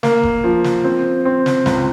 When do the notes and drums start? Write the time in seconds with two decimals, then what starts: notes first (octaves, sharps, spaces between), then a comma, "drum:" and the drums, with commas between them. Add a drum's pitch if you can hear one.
0.03 A#3, drum: snare
0.23 drum: kick F1
0.44 F3
0.64 drum: snare
0.84 C4
1.25 C4
1.46 drum: snare
1.66 C#2, drum: snare